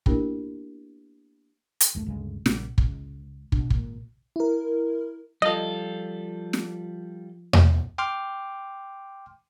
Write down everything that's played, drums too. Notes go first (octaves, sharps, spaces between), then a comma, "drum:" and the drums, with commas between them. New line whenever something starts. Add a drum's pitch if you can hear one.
A#3 B3 D4 E4 G4 A#4, drum: kick
drum: hi-hat
F#1 D#2 A3
G1 D2 C#3 G#3
A#1 A#2 C#3 G3, drum: snare
C#2, drum: kick
B2 D4, drum: kick
G#1 A#2, drum: kick
E4 A#4
F3 G3 F4 A4 D#5
drum: snare
drum: tom E2
G5 C6 D6 F6